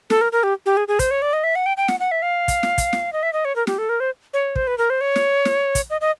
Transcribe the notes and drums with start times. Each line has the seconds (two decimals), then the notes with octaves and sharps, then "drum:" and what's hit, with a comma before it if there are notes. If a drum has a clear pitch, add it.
0.10 A4, drum: snare
0.21 A#4
0.32 A#4
0.43 G4
0.66 G4
0.77 G#4
0.88 G#4
0.99 C5, drum: kick, hi-hat
1.11 C#5
1.22 D5
1.33 D#5
1.44 E5
1.55 F#5
1.66 G5
1.77 G5
1.88 F#5, drum: snare
2.00 F#5
2.11 E5
2.22 F5
2.48 drum: kick, hi-hat
2.63 drum: snare
2.78 drum: kick, hi-hat
2.93 drum: snare
3.13 D#5
3.23 E5
3.33 D#5
3.45 C#5
3.56 A#4
3.67 G4, drum: snare
3.78 A4
3.89 A#4
4.00 C5
4.34 C#5
4.56 C5, drum: kick
4.67 B4
4.78 A#4
4.90 C5
5.01 C#5
5.16 drum: snare
5.45 drum: snare
5.75 drum: kick, hi-hat
5.90 D#5
6.01 D#5